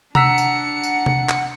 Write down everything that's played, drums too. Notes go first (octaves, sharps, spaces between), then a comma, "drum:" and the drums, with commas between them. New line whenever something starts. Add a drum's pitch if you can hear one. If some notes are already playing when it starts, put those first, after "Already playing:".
D4 F#5 A#5 E6 B6 C#7, drum: tom C3
drum: tambourine
drum: tambourine
drum: tom C3
drum: clap